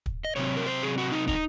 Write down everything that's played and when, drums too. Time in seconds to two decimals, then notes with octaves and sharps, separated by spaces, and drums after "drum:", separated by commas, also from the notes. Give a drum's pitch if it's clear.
0.06 drum: kick
0.25 D#5
0.36 C3 F#3 C4 C#5
0.57 A#4
0.66 C5
0.82 G#4
0.98 F#4
1.12 D#4
1.28 D#4, drum: kick